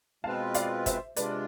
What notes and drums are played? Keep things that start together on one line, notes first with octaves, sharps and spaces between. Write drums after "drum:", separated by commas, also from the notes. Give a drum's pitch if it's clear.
B2 G#3 C4 F4 B4 F5 A5
D5 F5, drum: hi-hat
C5 E5, drum: kick G1, hi-hat
C3 G#3 D4 F4 B4 D5, drum: hi-hat